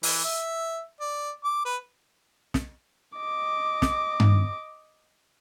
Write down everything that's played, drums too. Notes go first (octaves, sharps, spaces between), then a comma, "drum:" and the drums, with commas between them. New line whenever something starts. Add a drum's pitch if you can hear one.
E3, drum: open hi-hat
E5
D5
D6
B4
drum: snare
D#5 D6
drum: snare
drum: tom G2